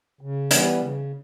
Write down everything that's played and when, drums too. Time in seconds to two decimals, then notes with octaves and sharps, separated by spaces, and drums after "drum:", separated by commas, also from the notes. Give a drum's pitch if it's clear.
0.21 C#3
0.51 E3 G3 B3, drum: hi-hat
0.81 C#3